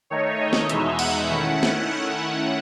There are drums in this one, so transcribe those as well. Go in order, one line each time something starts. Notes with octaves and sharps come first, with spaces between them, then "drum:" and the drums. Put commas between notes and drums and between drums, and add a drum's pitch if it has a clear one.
D#3 A3 D#4 C#5
D#5
drum: snare
E2 B2 G#3 D#4 E5, drum: hi-hat
F#5, drum: cymbal
D#3 A3 C#4 E4
drum: snare